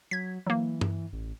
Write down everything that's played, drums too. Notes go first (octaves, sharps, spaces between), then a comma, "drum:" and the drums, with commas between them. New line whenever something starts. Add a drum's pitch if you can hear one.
F#3 G#6 B6
E3 F#3 A#3
drum: tom G2
A1